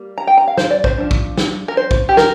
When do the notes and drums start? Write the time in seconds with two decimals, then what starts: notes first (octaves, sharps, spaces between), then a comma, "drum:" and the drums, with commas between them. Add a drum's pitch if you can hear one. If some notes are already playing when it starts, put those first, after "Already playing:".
Already playing: G3 A#3
0.18 A#5
0.27 G5
0.37 A#5
0.48 F5
0.57 C5, drum: snare
0.71 D5
0.84 C5, drum: kick
0.98 F3 D4
1.11 drum: kick
1.37 drum: snare
1.68 A#4
1.77 C5
1.91 drum: kick
2.09 G4
2.17 A#4, drum: snare